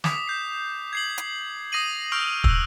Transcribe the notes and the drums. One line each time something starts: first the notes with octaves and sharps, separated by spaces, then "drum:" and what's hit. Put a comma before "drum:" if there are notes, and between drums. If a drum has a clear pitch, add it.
D6 D#6 B6, drum: snare
G6 C7
G#6 C7 F#7
drum: hi-hat
D#6 A#6 C7 D#7 F#7
C#6 E6 F6 G6 D7 F7
E6 F#6, drum: kick